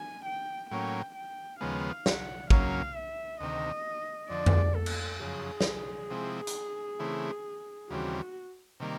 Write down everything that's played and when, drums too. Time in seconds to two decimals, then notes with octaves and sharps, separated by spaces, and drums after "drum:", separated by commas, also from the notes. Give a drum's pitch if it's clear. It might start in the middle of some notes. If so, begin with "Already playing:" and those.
Already playing: G#5
0.26 G5
0.70 A2 F#3 A#3 C#4 G5
1.16 G5
1.60 D#2 C#3 F3 G#3 B3 F5
2.06 F#5, drum: snare
2.50 F#2 C#3 F#3 A#3 C#4 F5, drum: kick
2.95 E5
3.40 D2 C3 D#3 D#5
4.30 F2 D3 F3 D5
4.46 drum: tom F2
4.76 A4
4.86 drum: cymbal
5.20 F#2 C#3 F3 G#4
5.61 drum: snare
6.10 C3 F3 G#3 C4 E4
6.47 drum: hi-hat
6.99 C#3 E3 A3 C4 E4
7.90 D#2 C#3 E3 G3 C4 F#4
8.80 C3 D#3 G3 A#3